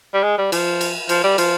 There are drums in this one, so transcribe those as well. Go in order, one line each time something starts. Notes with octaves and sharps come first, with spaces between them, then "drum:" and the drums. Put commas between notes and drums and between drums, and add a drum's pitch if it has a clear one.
G3
G#3
G3
F3, drum: cymbal
drum: cymbal
F3, drum: cymbal
G3
F3, drum: cymbal